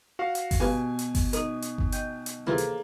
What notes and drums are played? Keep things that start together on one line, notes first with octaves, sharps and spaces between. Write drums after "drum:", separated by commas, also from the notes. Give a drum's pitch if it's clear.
F#4 F5
drum: hi-hat
drum: kick G1, open hi-hat
B2 F#4 G4 B4 F5 G#5
drum: hi-hat
drum: kick G1, open hi-hat
D#4 A#4 D#5, drum: hi-hat
drum: hi-hat
drum: kick G1
D#5 G5 G6, drum: hi-hat
drum: hi-hat
C3 E3 A#3 E4 G#4 A4 C5
drum: hi-hat